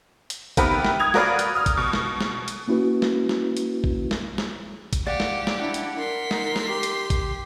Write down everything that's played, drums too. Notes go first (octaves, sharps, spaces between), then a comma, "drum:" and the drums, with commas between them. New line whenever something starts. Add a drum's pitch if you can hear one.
drum: hi-hat
C3 D#3 B3 G4 A#4 B4, drum: kick A1, hi-hat
drum: snare
D#6 G#6 F7
F#4 A#4 B4 D5 F5, drum: snare
drum: hi-hat
D#6 F6
drum: kick A1, hi-hat
B2
drum: snare
drum: snare
drum: hi-hat
A#3 C#4 E4 F#4 B4
drum: snare
drum: snare
drum: hi-hat
drum: kick A1
drum: snare
drum: snare
drum: kick A1, hi-hat
G4 D5 F5 F#5
drum: snare
drum: snare
D4 E4 F#5
drum: hi-hat
A#4 C6 B6
D#4, drum: snare
drum: snare
G4
drum: hi-hat
drum: kick A1, hi-hat